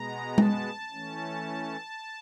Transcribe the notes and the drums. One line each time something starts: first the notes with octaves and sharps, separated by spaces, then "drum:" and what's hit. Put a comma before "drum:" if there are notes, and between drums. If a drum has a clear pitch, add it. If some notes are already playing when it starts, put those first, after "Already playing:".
Already playing: B2 G#3 B3 A#5
A5, drum: tom G#3
E3 A3 C#4